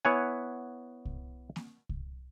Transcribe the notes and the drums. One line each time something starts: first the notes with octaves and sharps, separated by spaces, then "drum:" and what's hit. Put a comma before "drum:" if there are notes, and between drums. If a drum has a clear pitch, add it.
B3 E4 C#5 F#5 G#5
drum: kick C2
drum: snare A#3
drum: kick C2